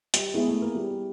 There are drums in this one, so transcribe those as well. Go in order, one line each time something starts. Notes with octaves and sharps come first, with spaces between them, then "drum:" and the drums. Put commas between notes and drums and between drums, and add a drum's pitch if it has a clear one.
G3, drum: hi-hat
G#3 B3 E4 G#4
A3
A#3
G3